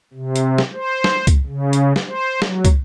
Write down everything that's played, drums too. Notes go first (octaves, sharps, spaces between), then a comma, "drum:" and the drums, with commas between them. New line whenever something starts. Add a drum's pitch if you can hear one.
C3
drum: hi-hat
drum: snare
C5
drum: snare
drum: kick, hi-hat
C#3
drum: hi-hat
drum: snare
C5
F#3, drum: snare
drum: kick, hi-hat